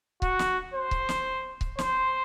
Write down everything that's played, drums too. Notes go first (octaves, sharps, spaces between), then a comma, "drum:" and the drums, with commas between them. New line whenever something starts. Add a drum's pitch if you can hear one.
F#4, drum: kick C#1
drum: snare
C5
drum: kick C#1
drum: snare
drum: kick C#1
C5, drum: snare